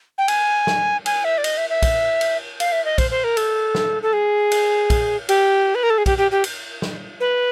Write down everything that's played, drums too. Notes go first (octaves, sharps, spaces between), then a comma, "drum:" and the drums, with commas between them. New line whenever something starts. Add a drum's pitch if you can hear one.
G5
G#5, drum: cymbal
drum: snare
G#5, drum: cymbal
E5
D5
D#5, drum: cymbal
E5
E5
drum: kick, cymbal
drum: cymbal
F5, drum: cymbal
E5
D#5
C5, drum: kick, cymbal
C5
A#4
A4, drum: cymbal
drum: snare
A4
G#4
drum: cymbal
drum: kick, cymbal
G4, drum: cymbal
B4
A#4
A4
G#4
G4, drum: kick, cymbal
G4
G4
drum: cymbal
drum: snare
B4